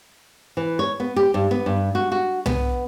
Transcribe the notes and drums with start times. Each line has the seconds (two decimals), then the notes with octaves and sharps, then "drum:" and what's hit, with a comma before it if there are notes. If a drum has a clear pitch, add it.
0.57 E3
0.79 C#5
1.00 B3
1.16 G4
1.34 G2
1.51 B3
1.66 G2
1.95 F#4
2.12 F#4
2.46 B3, drum: tom C2